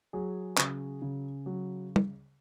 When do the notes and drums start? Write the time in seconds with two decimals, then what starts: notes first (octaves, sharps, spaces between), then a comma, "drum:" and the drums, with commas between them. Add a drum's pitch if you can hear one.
0.13 F#3 G#4
0.58 C#3, drum: clap
1.02 C#3
1.46 F#3
1.96 drum: tom